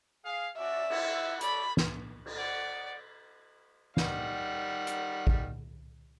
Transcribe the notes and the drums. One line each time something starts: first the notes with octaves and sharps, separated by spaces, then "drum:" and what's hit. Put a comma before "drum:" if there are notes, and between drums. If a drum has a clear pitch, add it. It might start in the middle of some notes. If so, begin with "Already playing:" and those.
G#4 F5
C#4 F#4 D5 E5
E4 F#5, drum: cymbal
A4 C#5 D5 B5, drum: hi-hat
drum: snare
drum: cymbal
D5 F#5
D#3 G3 F#5, drum: snare
drum: hi-hat
drum: kick